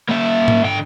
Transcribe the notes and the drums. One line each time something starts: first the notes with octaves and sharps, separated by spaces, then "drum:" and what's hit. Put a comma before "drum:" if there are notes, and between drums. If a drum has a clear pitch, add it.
A#3 E5
drum: tom
D3 G5